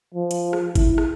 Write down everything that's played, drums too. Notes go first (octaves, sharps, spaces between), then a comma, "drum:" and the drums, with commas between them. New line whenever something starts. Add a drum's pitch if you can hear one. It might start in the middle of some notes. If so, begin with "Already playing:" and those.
F3
drum: hi-hat
drum: rim click
E4, drum: kick, hi-hat
drum: rim click